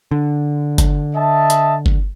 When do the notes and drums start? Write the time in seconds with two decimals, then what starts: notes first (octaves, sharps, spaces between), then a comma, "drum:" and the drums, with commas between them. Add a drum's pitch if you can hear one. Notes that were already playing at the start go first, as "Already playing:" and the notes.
0.11 D3
0.78 drum: kick G1, hi-hat
1.14 D#5 E5 A5
1.50 drum: hi-hat
1.86 drum: kick G1